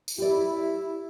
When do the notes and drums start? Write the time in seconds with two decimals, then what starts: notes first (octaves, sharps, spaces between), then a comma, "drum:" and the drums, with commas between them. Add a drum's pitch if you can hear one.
0.08 drum: tambourine
0.18 E4 G4 D5